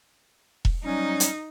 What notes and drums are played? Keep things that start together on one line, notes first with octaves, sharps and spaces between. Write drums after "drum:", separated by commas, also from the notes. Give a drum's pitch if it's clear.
drum: kick E1
F#3 G3 C#4 D#4
drum: hi-hat